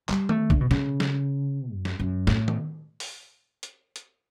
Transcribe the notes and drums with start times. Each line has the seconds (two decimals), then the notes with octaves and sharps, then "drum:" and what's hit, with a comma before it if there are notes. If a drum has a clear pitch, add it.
0.09 G3, drum: clap
0.29 A3, drum: tom D#3
0.50 D3, drum: kick
0.61 B2
0.71 C#3, drum: snare
1.00 drum: snare
1.72 F#2
1.85 drum: snare
2.00 F#2
2.27 A2, drum: snare
2.48 drum: tom D#3
3.00 drum: open hi-hat
3.63 drum: hi-hat
3.96 drum: hi-hat